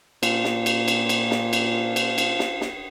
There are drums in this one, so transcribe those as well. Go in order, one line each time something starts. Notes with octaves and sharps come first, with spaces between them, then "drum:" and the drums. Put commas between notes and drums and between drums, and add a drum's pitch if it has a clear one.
A#2 F3, drum: cymbal
drum: snare
drum: cymbal
drum: cymbal
drum: cymbal
drum: snare
drum: cymbal
drum: cymbal
drum: cymbal
drum: snare
drum: snare